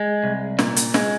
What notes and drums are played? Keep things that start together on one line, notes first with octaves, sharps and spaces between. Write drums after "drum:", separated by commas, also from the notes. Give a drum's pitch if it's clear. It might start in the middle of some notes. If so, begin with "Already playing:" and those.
Already playing: G#3
C2
A#2, drum: snare
drum: hi-hat
G#3, drum: snare